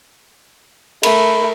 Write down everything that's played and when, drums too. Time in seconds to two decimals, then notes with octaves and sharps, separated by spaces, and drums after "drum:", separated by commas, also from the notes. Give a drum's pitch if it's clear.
1.03 A3 A#4 B5, drum: cymbal